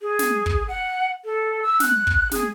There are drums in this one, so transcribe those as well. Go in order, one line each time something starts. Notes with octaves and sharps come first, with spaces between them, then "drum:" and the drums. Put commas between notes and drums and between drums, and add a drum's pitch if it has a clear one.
G#4
drum: snare
drum: kick
F#5
A4
E6
F#6, drum: snare
drum: kick
G#4, drum: snare